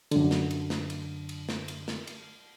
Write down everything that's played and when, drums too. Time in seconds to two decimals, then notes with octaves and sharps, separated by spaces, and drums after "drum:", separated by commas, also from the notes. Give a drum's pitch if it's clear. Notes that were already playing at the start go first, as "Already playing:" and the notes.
0.11 F#2 D3, drum: cymbal
0.31 drum: snare
0.51 drum: cymbal
0.70 drum: snare
0.90 drum: cymbal
1.29 drum: cymbal
1.49 drum: snare
1.68 drum: cymbal
1.88 drum: snare
2.07 drum: cymbal